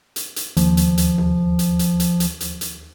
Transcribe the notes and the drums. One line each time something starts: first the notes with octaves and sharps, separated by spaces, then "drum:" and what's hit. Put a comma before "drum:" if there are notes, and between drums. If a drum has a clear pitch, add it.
drum: hi-hat
drum: hi-hat
D#2 F3, drum: hi-hat
drum: hi-hat
drum: hi-hat
drum: tom C3
drum: hi-hat
drum: hi-hat
drum: hi-hat
drum: hi-hat
drum: hi-hat
drum: hi-hat